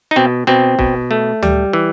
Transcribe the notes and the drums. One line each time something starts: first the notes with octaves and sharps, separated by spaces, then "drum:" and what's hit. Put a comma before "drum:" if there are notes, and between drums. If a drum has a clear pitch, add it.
D#4
B2 C4
B2 C4
B2, drum: kick
A3
G3, drum: tom D2
E3